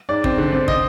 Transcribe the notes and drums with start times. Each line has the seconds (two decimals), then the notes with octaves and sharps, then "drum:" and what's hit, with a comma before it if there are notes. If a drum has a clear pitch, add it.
0.09 G#2 D5
0.24 C4, drum: kick
0.38 D3
0.53 C4
0.68 D#5, drum: kick